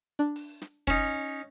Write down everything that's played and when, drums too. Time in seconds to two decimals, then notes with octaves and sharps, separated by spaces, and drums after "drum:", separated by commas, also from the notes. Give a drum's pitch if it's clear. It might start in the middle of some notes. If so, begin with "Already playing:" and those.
0.19 D4
0.36 drum: open hi-hat
0.62 drum: snare
0.87 C#4 D#4, drum: kick, hi-hat